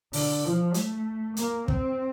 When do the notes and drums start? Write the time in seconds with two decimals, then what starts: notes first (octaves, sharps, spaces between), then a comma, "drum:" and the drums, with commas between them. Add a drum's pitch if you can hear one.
0.13 D3, drum: open hi-hat
0.44 F3
0.74 A3, drum: hi-hat
1.37 A#3, drum: hi-hat
1.68 C4, drum: kick